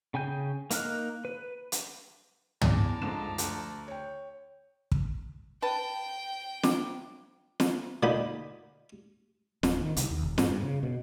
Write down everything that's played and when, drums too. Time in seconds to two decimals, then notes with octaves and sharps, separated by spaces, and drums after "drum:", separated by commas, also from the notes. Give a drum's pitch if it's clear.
0.14 C#3 G5 G#5 G6
0.71 A#3 D#4 A#4 F6 F#6, drum: hi-hat
1.25 B4
1.72 drum: hi-hat
2.61 E2 D5 A5 A#5, drum: tom
3.02 G#2 D3 F3 E7
3.38 D2, drum: hi-hat
3.88 C#5 G5
4.92 drum: kick
5.62 B4 G5 A5
6.63 D4, drum: snare
7.60 drum: snare
8.03 A#2 D3 D4 D#4 B5
9.63 D1, drum: snare
9.81 D#3
9.97 C2, drum: hi-hat
10.10 D#2
10.23 E1
10.38 G#2, drum: snare
10.50 G2
10.63 C#3
10.83 B2